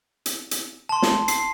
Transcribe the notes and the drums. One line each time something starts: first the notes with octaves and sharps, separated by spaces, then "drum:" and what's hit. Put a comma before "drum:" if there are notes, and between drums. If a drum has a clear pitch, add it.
drum: hi-hat
drum: hi-hat
A5 C6
drum: snare
C7, drum: hi-hat